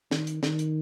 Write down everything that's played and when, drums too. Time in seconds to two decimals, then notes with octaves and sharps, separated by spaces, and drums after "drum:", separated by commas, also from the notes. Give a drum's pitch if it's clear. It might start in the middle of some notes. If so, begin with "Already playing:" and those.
0.11 D#3, drum: snare
0.27 drum: hi-hat
0.43 D#3, drum: snare
0.59 drum: hi-hat